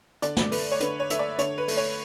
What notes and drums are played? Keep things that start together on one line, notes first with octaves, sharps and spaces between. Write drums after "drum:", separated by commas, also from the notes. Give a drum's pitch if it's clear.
D3 D5, drum: hi-hat
drum: snare
A3 B4, drum: open hi-hat
C#5
D3 B4, drum: hi-hat
C#5
A3 E5, drum: hi-hat
D5
D3 C#5, drum: hi-hat
B4
A3, drum: open hi-hat
C#5